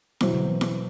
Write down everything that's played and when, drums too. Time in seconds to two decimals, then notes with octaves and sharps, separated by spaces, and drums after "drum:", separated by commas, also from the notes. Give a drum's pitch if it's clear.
0.21 B2 E3 F#3 C4 E4, drum: snare E4
0.34 D3
0.48 E3
0.61 drum: snare E4